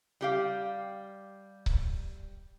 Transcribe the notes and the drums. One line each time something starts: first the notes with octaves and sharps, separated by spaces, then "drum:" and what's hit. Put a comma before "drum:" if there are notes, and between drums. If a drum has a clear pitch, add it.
G3 G4 F5
drum: kick C#1